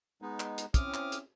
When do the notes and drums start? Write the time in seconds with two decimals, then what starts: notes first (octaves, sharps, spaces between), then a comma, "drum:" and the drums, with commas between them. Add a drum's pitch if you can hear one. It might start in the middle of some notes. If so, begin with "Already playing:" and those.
0.22 G#3 B3 D#4
0.40 drum: clap
0.58 drum: hi-hat
0.74 C4 C#4 E4 D6 D#6 F6, drum: kick, hi-hat
0.94 drum: clap
1.12 drum: hi-hat